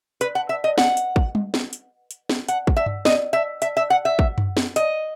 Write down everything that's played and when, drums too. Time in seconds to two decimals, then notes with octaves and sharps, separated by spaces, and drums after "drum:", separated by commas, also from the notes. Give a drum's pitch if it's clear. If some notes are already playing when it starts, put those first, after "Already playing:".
0.21 B4, drum: hi-hat
0.35 F#5
0.49 E5
0.64 D#5
0.78 F#5, drum: snare
0.97 drum: hi-hat
1.16 drum: kick
1.35 drum: tom G3
1.54 drum: snare
1.73 drum: hi-hat
2.11 drum: hi-hat
2.29 drum: snare
2.48 F#5, drum: hi-hat
2.67 drum: kick
2.77 E5
2.86 drum: tom G2
3.05 D#5, drum: snare
3.33 E5
3.62 E5, drum: hi-hat
3.77 E5
3.90 F#5
4.05 E5
4.19 drum: kick
4.38 drum: tom F#2
4.57 drum: snare
4.76 D#5, drum: hi-hat